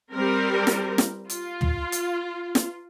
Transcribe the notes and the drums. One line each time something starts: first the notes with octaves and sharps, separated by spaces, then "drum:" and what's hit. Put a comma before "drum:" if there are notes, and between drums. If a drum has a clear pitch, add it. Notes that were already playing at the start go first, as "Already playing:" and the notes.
G3 C4 A#4
drum: snare
drum: snare
F4, drum: hi-hat
drum: tom
drum: hi-hat
drum: snare